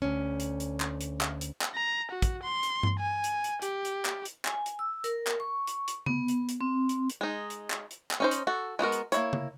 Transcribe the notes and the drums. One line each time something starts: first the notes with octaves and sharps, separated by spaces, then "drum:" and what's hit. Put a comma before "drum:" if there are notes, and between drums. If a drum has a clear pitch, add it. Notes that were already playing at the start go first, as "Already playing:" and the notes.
D2 C#4
drum: hi-hat
drum: hi-hat
drum: clap
drum: hi-hat
drum: clap
drum: hi-hat
drum: clap
A#5
F#4
drum: kick, hi-hat
C6
drum: hi-hat
drum: tom G2
G#5
drum: hi-hat
drum: hi-hat
G4, drum: hi-hat
drum: hi-hat
drum: clap
drum: hi-hat
G#5, drum: clap
drum: hi-hat
E6
A#4, drum: hi-hat
drum: clap
C#6
drum: hi-hat
drum: hi-hat
B3, drum: tom C#3
drum: hi-hat
drum: hi-hat
C4
drum: hi-hat
drum: hi-hat
G#3 D#4
drum: hi-hat
drum: clap
drum: hi-hat
drum: clap
C#4 D#4 C5
drum: hi-hat
F#4 A4
G#3 B3 F#4 A#4
drum: hi-hat
A#3 E4 C#5, drum: hi-hat
drum: tom C#3